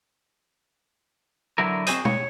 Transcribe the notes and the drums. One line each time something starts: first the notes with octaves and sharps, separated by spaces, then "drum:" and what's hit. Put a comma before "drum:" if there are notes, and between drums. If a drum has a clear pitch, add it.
D3 F#3 E4 A#4
C4 F#4 G#4 C5 D#5, drum: hi-hat
C#5, drum: tom